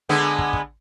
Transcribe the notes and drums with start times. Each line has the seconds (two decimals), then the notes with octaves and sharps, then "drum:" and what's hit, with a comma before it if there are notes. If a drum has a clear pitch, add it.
0.09 D3 G#3 B3
0.39 drum: kick
0.53 drum: kick